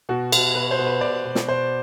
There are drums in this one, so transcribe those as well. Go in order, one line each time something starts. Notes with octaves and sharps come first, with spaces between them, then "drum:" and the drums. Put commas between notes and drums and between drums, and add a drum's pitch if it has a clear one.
B2 F#4
B2, drum: cymbal
B2 B4
C5
B2
B4
B2 D5
B2
drum: snare
B2 C5